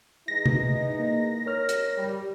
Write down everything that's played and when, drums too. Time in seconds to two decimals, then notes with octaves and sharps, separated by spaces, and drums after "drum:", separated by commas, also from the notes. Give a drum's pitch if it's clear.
0.28 E3 G#3 D#4 A#6
0.46 drum: tom
0.99 A#3
1.46 A#4 C#5 F6
1.69 drum: hi-hat
1.97 G3